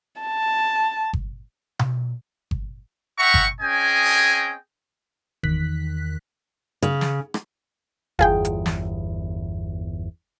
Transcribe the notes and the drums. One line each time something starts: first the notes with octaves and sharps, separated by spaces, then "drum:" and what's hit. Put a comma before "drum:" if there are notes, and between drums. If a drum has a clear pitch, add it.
A5
drum: kick G1
drum: tom B2
drum: kick G1
E5 F#5 G5 A#5 C#6
drum: kick G1
C4 C#4 G#4 D#5 G5 G#5
drum: open hi-hat
E2 D#3 F#6 B6, drum: kick G1
C#3, drum: hi-hat
drum: snare
drum: rim click
G1 E2 F4 G#4 G5, drum: kick G1
drum: hi-hat
drum: snare